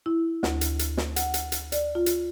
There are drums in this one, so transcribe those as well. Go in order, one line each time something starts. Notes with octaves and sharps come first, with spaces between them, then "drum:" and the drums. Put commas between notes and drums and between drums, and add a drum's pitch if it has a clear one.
E4
D2, drum: snare
drum: hi-hat
drum: hi-hat
drum: snare
F#5, drum: hi-hat
drum: hi-hat
drum: hi-hat
D5, drum: hi-hat
F4
drum: hi-hat